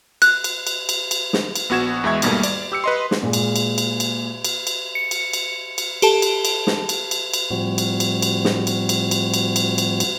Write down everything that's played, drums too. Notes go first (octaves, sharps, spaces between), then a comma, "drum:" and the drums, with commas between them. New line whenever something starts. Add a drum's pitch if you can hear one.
F#6, drum: cymbal
drum: cymbal
drum: cymbal
drum: cymbal
drum: cymbal
drum: snare
drum: cymbal
A#1 B3 F#4 G#6 E7
E2 G#3 B3 E5 C#6 G#6
D#2 G#2 B2 G3 A3 A#3, drum: cymbal
D5, drum: cymbal
G4 E6 C#7
B4 D#5 C6
drum: snare
A#2 G#3
drum: cymbal
drum: cymbal
drum: cymbal
drum: cymbal
drum: cymbal
drum: cymbal
C#7
drum: cymbal
drum: cymbal
drum: cymbal
G4 A4 A5, drum: cymbal
drum: cymbal
drum: cymbal
drum: snare
drum: cymbal
drum: cymbal
drum: cymbal
A2 F3 G3 C4 F#4
drum: cymbal
drum: cymbal
drum: cymbal
drum: snare
drum: cymbal
drum: cymbal
drum: cymbal
drum: cymbal
drum: cymbal
drum: cymbal
drum: cymbal